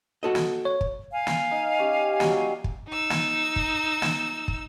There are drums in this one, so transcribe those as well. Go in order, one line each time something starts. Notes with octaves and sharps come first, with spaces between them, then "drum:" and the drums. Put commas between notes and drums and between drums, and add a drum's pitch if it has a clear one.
F#4 A4 D#5
drum: snare
C#5
drum: kick
F5 G#5
drum: snare
D#4
C#4 G4
F#3 G3, drum: snare
drum: kick
D#4 E6
drum: snare
drum: kick
drum: snare
drum: kick